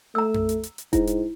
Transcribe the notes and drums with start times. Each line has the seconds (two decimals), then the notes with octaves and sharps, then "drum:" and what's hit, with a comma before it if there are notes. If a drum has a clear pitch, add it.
0.15 A3 A#5 E6
0.34 drum: tom F2
0.49 drum: hi-hat
0.63 drum: hi-hat
0.78 drum: hi-hat
0.93 G#2 E4, drum: kick E1, hi-hat
1.07 drum: hi-hat